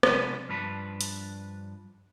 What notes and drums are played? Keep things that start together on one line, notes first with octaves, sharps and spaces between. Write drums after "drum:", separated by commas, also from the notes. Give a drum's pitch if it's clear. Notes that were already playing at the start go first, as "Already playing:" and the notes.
C3 F3 G#3 B3 D4, drum: rim click
G2 F3 D4 B4
drum: hi-hat